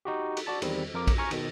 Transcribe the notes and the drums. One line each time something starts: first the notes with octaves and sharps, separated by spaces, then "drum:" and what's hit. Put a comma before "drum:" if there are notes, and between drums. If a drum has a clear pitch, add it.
D#4 F#4 G4
drum: cymbal
F#4 D5 A5 A6
E2 D#3 G3 C4, drum: cymbal
F2 A#4 D6
drum: kick A#1, cymbal
G#5 A#5 C#6 F6 G#6
B2 D#3, drum: cymbal